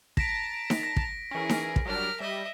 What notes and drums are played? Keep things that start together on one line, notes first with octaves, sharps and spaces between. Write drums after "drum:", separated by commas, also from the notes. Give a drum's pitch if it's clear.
A5 A#5 A#6 B6 D7, drum: kick
D7
drum: snare D#4
A#6
drum: kick
E3 C#4 G#4 A#4
drum: snare D#4
drum: kick
F#3 G3 D4 A#4 F6
G3 D#5 E5